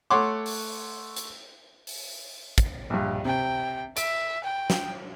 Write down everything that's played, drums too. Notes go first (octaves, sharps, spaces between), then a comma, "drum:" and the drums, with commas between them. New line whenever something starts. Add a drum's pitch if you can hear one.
A3 C#5 F#5 C6 D6
drum: open hi-hat
drum: hi-hat
drum: open hi-hat
drum: kick, hi-hat
A#1 G2
C3 G5
E5 D7, drum: hi-hat
G5
drum: snare